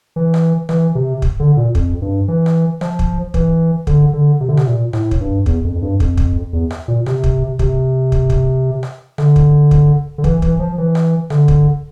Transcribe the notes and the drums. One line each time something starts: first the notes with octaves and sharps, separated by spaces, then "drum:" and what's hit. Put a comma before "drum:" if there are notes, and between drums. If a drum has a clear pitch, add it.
E3
drum: rim click
E3, drum: rim click
C3
drum: kick
D3
A#2
F2, drum: kick
G2
E3
drum: rim click
F3, drum: rim click
drum: kick
E3, drum: kick
D3, drum: kick
D3
C3
D3
C3, drum: rim click
A#2
A2, drum: rim click
drum: kick
G2
E2, drum: kick
F2
F2
G2
F2, drum: kick
drum: kick
E2
drum: rim click
A#2
C3, drum: rim click
drum: kick
C3, drum: kick
drum: kick
drum: kick
drum: rim click
D3, drum: rim click
drum: kick
drum: kick
D3
E3, drum: kick
E3, drum: kick
F3
E3
drum: rim click
D3, drum: rim click
drum: kick